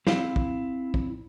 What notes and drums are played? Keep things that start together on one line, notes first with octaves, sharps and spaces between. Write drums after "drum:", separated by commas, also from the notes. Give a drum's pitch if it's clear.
C4 E4 F5, drum: snare
drum: kick
drum: kick